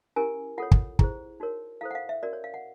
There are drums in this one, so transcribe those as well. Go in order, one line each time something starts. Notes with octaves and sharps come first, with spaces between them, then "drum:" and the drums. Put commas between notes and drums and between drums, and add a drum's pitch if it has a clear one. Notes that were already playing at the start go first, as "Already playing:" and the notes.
C#4 E4 G4 A#4 G#5
F4 A4 C#5 F#5
drum: kick
E4 G#4 C5, drum: kick
D#4 F#4 A#4 C#5
E4 A4 C5 F5
F#5
F5
E5
C#4 F#4 A#4 D5
C#5
F5
F#5